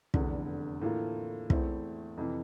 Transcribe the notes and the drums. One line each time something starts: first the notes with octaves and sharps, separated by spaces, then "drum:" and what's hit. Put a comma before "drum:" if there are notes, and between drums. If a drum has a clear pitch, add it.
F1 E2 D3, drum: kick
A2 E3 A#3 F4 A4
E2 E3 A3 C4 E4, drum: kick
F2 C3 E3